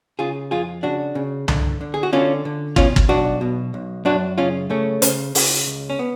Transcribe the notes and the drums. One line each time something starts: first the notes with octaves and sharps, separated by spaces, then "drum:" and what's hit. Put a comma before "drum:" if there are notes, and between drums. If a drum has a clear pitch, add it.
C#3 F4 G#4
F2 F4 G#4
C#3 D4 F#4
C#3
D3, drum: tom C2
D3
G#4
F#4
D3 C#4 F4
D3
B2 C#4 F4, drum: kick
drum: kick
B1 D4 F#4
B2
B1
F#2 D4 F#4
C#3 C#4 F4
C#3 A3 C#4
C#3, drum: hi-hat
C#3, drum: open hi-hat
C#2
C#4
B3